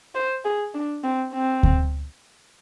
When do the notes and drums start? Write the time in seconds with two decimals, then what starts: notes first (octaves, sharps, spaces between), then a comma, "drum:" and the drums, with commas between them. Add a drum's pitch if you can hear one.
0.15 C5
0.45 G#4
0.74 D4
1.04 C4
1.34 C4
1.63 drum: kick D2